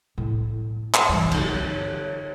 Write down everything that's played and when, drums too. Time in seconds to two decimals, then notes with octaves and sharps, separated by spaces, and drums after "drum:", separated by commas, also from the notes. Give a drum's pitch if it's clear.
0.18 A2
0.94 drum: clap
1.09 G2 E3
1.31 D3 D#4, drum: cymbal